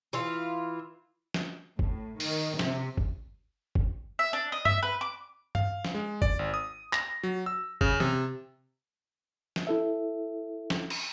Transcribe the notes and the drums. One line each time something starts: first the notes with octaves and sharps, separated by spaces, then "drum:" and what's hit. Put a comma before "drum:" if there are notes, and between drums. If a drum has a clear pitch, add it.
E3 F4
drum: snare
A2, drum: kick
D#3, drum: open hi-hat
C3, drum: snare
drum: kick
drum: kick
E5
D4
D#5
E5, drum: tom G2
B4
D6
F5, drum: tom G2
drum: snare
G#3
D5, drum: kick
G#1
D#6
A#6, drum: clap
F#3
E6
C#3, drum: kick
C3, drum: tom
drum: snare
E4 A4 E5
drum: snare
drum: cymbal